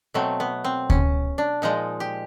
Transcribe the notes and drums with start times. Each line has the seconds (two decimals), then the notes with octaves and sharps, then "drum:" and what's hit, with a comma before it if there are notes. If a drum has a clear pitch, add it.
0.14 B2 F#3 A3 C4
0.40 B3
0.64 C4
0.90 C#4, drum: kick D2
1.38 D4
1.62 A#2 F3 G#3 D#4
2.00 G4